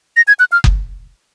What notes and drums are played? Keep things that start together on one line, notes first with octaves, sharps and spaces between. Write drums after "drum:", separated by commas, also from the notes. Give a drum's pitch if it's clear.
A#6
G#6
F#6
F6
drum: kick F#1